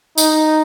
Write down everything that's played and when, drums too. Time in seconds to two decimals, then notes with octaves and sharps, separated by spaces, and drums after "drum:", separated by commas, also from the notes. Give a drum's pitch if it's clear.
0.18 D#4, drum: tambourine